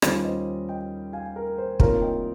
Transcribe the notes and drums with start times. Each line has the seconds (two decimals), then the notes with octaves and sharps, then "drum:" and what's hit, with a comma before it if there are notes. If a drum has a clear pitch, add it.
0.02 D#2 D#3 G3 C#4 F4 C5, drum: rim click
0.24 C5 D#5
0.69 D#5 G5
1.13 F5 G#5
1.36 A#4
1.58 C5
1.80 C2 C3 D#3 A#3 F4 A#4 C#5, drum: kick
2.01 D#5 G5